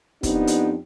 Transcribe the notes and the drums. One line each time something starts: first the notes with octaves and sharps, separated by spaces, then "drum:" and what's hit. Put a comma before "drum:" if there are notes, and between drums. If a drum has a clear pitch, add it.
F2 B3 C4 D4 D#4 G4, drum: kick, hi-hat
drum: hi-hat